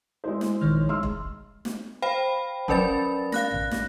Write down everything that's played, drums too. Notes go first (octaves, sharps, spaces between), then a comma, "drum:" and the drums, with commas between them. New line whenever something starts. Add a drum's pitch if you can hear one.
G#3 E4 C5
drum: snare
A#1 D#3 C#5 F6
G#3 C6 E6 F6
drum: kick E1
drum: snare
C5 F5 G5 B5
F#3 C#4 A#4 D5 B5 A6, drum: kick E1
F5 F#6 A#6, drum: snare
drum: tom A1
drum: snare